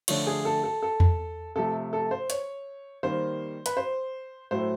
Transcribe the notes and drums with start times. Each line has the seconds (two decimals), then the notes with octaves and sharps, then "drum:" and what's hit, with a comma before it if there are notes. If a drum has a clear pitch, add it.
0.08 D3 F3 A3 C#5, drum: cymbal
0.27 G#4
0.45 A4
0.64 A4
0.82 A4
1.00 drum: tom E2
1.56 C3 F3 A3 A4
1.93 A4
2.11 C5
2.30 C#5, drum: hi-hat
3.03 D#3 G3 A#3 C5
3.66 B4, drum: hi-hat
3.77 C5
4.51 A2 F#3 A3 C5